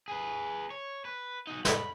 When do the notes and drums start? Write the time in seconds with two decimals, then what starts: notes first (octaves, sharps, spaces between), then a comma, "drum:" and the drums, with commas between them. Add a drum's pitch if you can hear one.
0.08 G#4 B4
0.70 C#5
1.05 B4
1.47 D#4 F#4
1.65 B5, drum: snare